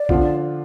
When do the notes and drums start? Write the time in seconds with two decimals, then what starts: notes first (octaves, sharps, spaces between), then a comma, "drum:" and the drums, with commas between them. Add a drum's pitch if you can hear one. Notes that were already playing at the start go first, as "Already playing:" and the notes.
Already playing: D5
0.09 D3 F3 D4 F4, drum: kick